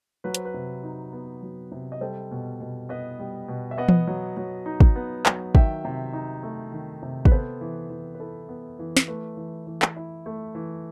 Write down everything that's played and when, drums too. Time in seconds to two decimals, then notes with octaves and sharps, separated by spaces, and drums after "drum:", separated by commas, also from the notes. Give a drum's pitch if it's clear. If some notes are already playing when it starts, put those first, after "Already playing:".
0.24 F#3 B4
0.35 C5, drum: hi-hat
0.45 B4
0.54 C3
0.83 D#4
1.13 B3
1.43 F#3
1.72 C3
1.92 D#5
2.01 G3 A4 C5
2.31 B2
2.61 B2
2.89 B3 B4 D#5
3.20 G3
3.48 B2
3.71 E5
3.78 B3 D#5 F#5
3.88 drum: tom E3
4.07 F#3
4.37 F#3
4.66 D#4
4.80 drum: kick
4.96 B3
5.26 F#3, drum: clap
5.55 D#3 E5 G5, drum: kick
5.85 C3
6.13 D#4
6.43 A3
6.72 D#3
7.03 C3
7.25 B4, drum: kick
7.31 B3 A4 C5
7.61 E3
7.90 E3
8.14 B4
8.20 E4 A4
8.49 B3
8.79 E3
8.97 drum: snare
9.08 A3 B4
9.37 E3
9.67 E3
9.82 drum: clap
9.96 E4
10.26 A3
10.55 E3